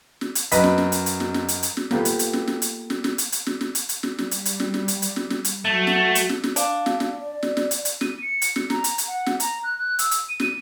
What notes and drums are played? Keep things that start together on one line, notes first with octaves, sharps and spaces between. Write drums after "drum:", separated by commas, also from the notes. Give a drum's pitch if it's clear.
drum: snare
drum: hi-hat
F#2 B4 D#5 B6, drum: hi-hat
drum: snare
drum: snare
drum: hi-hat
drum: hi-hat
drum: snare
drum: snare
drum: hi-hat
drum: hi-hat
drum: snare
A#3 B3 F4 G4 A4 B4, drum: snare
drum: hi-hat
drum: hi-hat
drum: snare
drum: snare
drum: hi-hat
drum: snare
drum: snare
drum: hi-hat
drum: hi-hat
drum: snare
drum: snare
drum: hi-hat
drum: hi-hat
drum: snare
G3, drum: snare
drum: hi-hat
drum: hi-hat
drum: snare
drum: snare
drum: hi-hat
drum: hi-hat
drum: snare
drum: snare
drum: hi-hat
F#3 A3 F#4
drum: snare
drum: hi-hat
drum: snare
drum: snare
D4 F5, drum: hi-hat
drum: snare
drum: snare
D5
drum: snare
drum: snare
drum: hi-hat
drum: hi-hat
D#7, drum: snare
C#7
drum: hi-hat
drum: snare
A#5, drum: snare
drum: hi-hat
drum: hi-hat
F#5
drum: snare
A#5, drum: hi-hat
F#6
F#6
E6, drum: hi-hat
drum: hi-hat
D#7
drum: snare